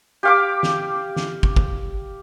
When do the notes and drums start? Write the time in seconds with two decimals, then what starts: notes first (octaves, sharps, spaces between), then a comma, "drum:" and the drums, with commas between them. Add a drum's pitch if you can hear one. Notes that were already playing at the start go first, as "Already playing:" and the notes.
0.23 G4 F5 D6
0.63 drum: snare
1.16 drum: snare
1.43 drum: kick
1.56 drum: kick